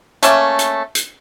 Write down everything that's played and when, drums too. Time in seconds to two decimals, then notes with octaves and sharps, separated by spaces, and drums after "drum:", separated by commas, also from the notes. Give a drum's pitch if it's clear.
0.23 A3 A#3 C#4 E5, drum: hi-hat
0.59 drum: hi-hat
0.95 drum: hi-hat